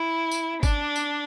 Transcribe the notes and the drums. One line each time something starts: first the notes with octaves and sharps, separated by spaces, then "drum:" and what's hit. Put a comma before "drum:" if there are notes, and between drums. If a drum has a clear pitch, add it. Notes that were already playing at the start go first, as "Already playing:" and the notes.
Already playing: E4
drum: tambourine
D4, drum: kick G#1, tambourine
drum: tambourine